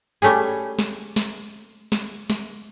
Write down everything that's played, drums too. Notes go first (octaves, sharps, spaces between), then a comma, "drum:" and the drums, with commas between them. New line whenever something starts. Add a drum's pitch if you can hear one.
G3 A3 C#4 G#4
drum: snare
drum: snare
drum: snare
drum: snare